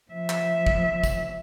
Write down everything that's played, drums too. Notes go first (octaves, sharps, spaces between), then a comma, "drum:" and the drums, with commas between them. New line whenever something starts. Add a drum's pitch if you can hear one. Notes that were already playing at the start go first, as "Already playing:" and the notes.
F3 E5
drum: clap
drum: kick
drum: kick, tambourine